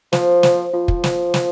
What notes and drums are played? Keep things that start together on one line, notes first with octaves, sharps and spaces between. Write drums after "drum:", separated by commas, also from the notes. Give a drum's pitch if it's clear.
F3 C5, drum: snare
C5, drum: snare
F3 F4
drum: kick
C5, drum: snare
C5, drum: snare